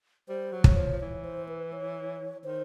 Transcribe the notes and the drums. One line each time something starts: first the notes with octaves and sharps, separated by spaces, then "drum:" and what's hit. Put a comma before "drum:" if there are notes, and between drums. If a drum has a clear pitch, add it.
G3 C5
F#3
C#5, drum: kick
F3
F3
E3 C#5
C5
B4
C#5
D#3 C5